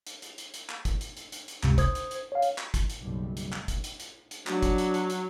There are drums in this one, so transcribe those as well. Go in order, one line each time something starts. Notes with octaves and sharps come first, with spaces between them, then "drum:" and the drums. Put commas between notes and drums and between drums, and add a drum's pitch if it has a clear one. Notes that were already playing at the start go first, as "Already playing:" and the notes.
drum: hi-hat
drum: hi-hat
drum: hi-hat
drum: hi-hat
drum: clap
drum: kick G1, hi-hat
drum: hi-hat
drum: hi-hat
drum: hi-hat
drum: hi-hat
C#2 G2 C3, drum: clap
C5 D#6 G#6, drum: kick G1, hi-hat
drum: hi-hat
drum: hi-hat
C#5 F5
drum: hi-hat
drum: clap
drum: kick G1, hi-hat
drum: hi-hat
F#1 B1 G3
drum: hi-hat
drum: clap
drum: kick G1, hi-hat
drum: hi-hat
drum: hi-hat
drum: hi-hat
F#3 D4, drum: clap
drum: kick G1, hi-hat
drum: hi-hat
drum: hi-hat
drum: hi-hat